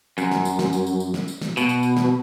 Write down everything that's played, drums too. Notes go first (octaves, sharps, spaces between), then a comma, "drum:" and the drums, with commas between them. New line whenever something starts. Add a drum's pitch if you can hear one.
F#2, drum: tambourine
drum: snare
drum: tambourine
drum: snare
drum: tambourine
drum: tambourine
drum: tambourine
drum: snare
drum: tambourine
drum: snare
B2, drum: tambourine
drum: tambourine
drum: tambourine
drum: snare